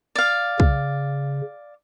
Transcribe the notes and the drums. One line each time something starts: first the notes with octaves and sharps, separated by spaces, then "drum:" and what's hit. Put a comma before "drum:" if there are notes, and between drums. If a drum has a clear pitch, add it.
D5 F5
C#3, drum: kick